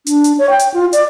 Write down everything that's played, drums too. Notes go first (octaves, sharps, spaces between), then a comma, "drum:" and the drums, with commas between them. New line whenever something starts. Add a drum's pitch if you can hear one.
D4, drum: hi-hat
drum: hi-hat
C#5
G5
drum: hi-hat
F4
D5, drum: hi-hat